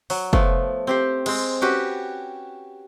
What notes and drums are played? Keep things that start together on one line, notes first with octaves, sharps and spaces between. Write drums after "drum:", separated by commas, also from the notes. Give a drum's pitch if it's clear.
F#3, drum: open hi-hat
F3 A3 B3, drum: kick
C4 G4 C5
G#3 C4, drum: cymbal
C#4 F#4 G4 B4